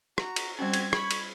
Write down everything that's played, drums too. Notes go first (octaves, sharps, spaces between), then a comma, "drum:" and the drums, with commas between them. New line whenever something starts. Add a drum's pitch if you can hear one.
F#4 A#5, drum: rim click
drum: cymbal
G3 C4 C#4 F#4 G#6
drum: cymbal
B5 C#6, drum: rim click
drum: cymbal